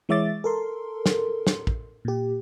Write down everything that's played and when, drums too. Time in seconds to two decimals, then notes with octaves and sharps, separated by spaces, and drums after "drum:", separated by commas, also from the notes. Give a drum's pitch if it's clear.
0.09 E3 G#3 C#5 E5 D6 A6
0.44 A4 A#4 C6
1.06 drum: snare
1.47 drum: snare
1.67 drum: kick
2.05 A#2 G4